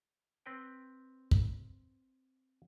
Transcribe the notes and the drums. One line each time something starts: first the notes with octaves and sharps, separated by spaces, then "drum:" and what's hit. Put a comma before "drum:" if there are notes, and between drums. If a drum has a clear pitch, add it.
C4 B4 G5
drum: kick